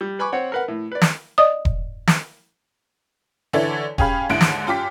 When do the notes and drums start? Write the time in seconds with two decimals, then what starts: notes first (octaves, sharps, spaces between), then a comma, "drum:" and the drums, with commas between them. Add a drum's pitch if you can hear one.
0.01 G3
0.19 B4 G#5 B5 C#6 D6
0.32 C4 C#5 F#5
0.52 A#4 B4 F#5
0.68 A2
0.92 B4 D5
1.01 drum: snare
1.38 D5 D#5 D#6
1.65 drum: kick E1
2.07 drum: snare
3.53 D3 E3 E4 A4 C#5 D5
3.98 C#4 G4 G#4 F5 B5, drum: kick E1
4.29 D#2 G#2 D3 E4 F#6 D7
4.41 drum: snare
4.67 F#2 F4 G4 D6 B6